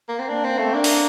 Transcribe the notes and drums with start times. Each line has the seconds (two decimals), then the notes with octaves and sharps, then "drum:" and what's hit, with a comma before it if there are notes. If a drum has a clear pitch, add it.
0.09 A#3
0.19 C4
0.29 A#3 D4
0.44 C4
0.59 A3
0.65 C4
0.74 A#3 D4
0.84 drum: open hi-hat